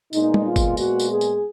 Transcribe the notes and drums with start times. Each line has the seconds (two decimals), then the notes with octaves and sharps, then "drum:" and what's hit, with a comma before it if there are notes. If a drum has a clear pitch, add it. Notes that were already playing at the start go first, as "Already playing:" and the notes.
0.13 A#2 G#3 B3 D#4, drum: tambourine
0.34 drum: tom G3
0.45 F4
0.56 drum: kick, tambourine
0.77 F#4, drum: tambourine
0.99 drum: tambourine
1.11 G#4
1.21 drum: tambourine